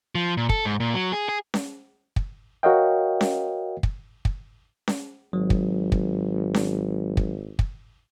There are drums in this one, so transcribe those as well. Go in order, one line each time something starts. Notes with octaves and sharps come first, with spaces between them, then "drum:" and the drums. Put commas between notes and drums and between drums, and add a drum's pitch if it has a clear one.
F3
A#2
A4, drum: kick
G#2
A#2
F#3
G#4
G#4
drum: snare C#4
drum: kick
F#4 A#4 C#5 D#5 F5 G5
drum: snare C#4
drum: kick
drum: kick
drum: snare C#4
G#1 F#3
drum: kick
drum: kick
drum: snare C#4
drum: kick
drum: kick